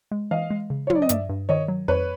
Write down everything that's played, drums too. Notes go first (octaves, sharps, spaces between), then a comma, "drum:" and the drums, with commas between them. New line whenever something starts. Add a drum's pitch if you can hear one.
G#3
E3 D#5 F5
G#3
C#3
C#5
F#3, drum: tom
D5
D#5
G2 D5 E5, drum: hi-hat
G2
D#3 C#5 D#5
F#3
F2 B4 C#5